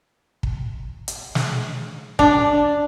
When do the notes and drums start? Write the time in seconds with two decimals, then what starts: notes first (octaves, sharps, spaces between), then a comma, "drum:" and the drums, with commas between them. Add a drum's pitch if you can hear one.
0.43 drum: kick
1.08 drum: hi-hat
1.35 drum: snare
2.19 D4, drum: kick